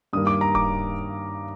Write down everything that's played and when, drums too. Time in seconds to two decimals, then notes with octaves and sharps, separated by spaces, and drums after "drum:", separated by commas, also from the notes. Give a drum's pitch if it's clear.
0.13 G2 D#3 G3 A#3 D#6
0.27 D6
0.41 A#5
0.55 D6, drum: kick D1